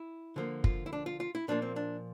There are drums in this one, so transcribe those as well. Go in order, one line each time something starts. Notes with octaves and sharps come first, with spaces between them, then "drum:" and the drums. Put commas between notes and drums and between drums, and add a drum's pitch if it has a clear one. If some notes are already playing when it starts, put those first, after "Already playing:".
Already playing: E4
D3 F3 A#3
F4, drum: kick F#1
E4
D4
F4
F4
E4
A#2 F3 A#3 D4
C4
D4